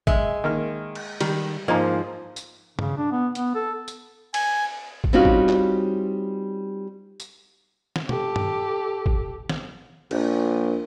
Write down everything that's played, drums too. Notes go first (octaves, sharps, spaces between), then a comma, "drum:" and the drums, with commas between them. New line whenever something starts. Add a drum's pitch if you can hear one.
G#3 E5, drum: kick
D#3 A#3 F6
drum: cymbal
D#3 G3, drum: cymbal
G#2 F3 A#3 D#5 G#5 A#5
drum: tambourine
C#3, drum: tom
D4
B3
B3, drum: hi-hat
A4
drum: tambourine
G#5, drum: cymbal
drum: kick
G3 C4 C#4 D#4 F4 F#4
drum: kick
drum: clap
drum: tambourine
drum: snare
G4 A4, drum: tom B2
drum: tom
drum: kick
drum: snare
A#1, drum: cymbal